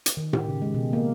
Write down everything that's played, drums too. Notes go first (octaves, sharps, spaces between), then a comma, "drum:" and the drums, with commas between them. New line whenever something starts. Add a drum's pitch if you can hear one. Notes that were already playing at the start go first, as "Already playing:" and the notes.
drum: hi-hat
D#3
G4, drum: tom A2
C#3
G#3
B2
A#3